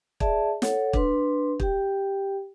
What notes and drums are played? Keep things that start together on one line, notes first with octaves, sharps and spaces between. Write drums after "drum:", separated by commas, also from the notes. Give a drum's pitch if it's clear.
G#4 D5 E5 A5, drum: kick
A4 C#5 F#5, drum: snare
D4 B4 C6, drum: kick
G4 G5, drum: kick